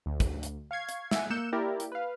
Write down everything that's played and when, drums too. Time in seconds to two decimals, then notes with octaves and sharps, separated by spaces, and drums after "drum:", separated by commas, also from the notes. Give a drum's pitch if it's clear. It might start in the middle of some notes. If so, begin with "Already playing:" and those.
0.06 D2
0.20 drum: kick, hi-hat
0.43 drum: hi-hat
0.71 F5 C#6 G#6 C7
0.89 drum: hi-hat
1.11 E5 F#5 G#5, drum: snare
1.30 A#3 E6 F#6 G6 C#7 E7
1.53 A#3 E4 G4 A#4 D5
1.80 drum: hi-hat
1.92 B4 F5